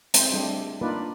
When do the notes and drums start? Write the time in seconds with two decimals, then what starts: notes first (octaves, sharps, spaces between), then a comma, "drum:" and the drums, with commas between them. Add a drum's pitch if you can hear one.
0.14 G#3 C4 G#4 C5, drum: hi-hat
0.32 G3 A3 D4 G4 G5
0.81 A#3 D4 D#4 F4 B4 D5